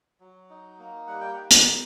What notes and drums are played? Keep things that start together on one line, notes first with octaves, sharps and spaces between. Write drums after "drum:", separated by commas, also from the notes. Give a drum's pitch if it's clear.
F#3
D#4
A#3
G3 F#5
G5
F#5
D#4
F#5, drum: hi-hat
G3